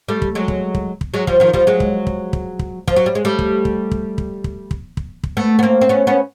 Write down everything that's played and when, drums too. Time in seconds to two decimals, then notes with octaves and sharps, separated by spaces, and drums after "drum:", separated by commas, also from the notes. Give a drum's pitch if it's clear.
0.08 G3 A3
0.22 drum: kick
0.35 F#3 G#3
0.48 drum: kick
0.74 drum: kick
1.01 drum: kick
1.14 F#3 G#3
1.27 F3 G3, drum: kick
1.40 D#3 F3
1.53 F3 G3, drum: kick
1.67 F#3 G#3
1.80 drum: kick
2.07 drum: kick
2.33 drum: kick
2.59 drum: kick
2.88 F3, drum: kick
2.96 F#3
3.06 G3
3.15 G#3
3.25 G3 A3
3.39 drum: kick
3.65 drum: kick
3.91 drum: kick
4.18 drum: kick
4.44 drum: kick
4.71 drum: kick
4.97 drum: kick
5.23 drum: kick
5.37 A3 B3
5.59 B3
5.63 A#3 C4
5.81 C4
5.89 B3 C#4
6.07 B3 C#4